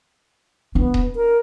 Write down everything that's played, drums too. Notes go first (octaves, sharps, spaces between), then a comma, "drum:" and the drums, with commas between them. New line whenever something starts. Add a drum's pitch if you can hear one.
B3 D4
drum: kick D#1
A#4